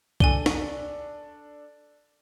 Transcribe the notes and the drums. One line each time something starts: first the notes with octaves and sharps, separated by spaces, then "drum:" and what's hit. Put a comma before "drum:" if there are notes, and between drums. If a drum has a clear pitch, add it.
D4 A4 G#5 D#7 G7, drum: kick B1
drum: snare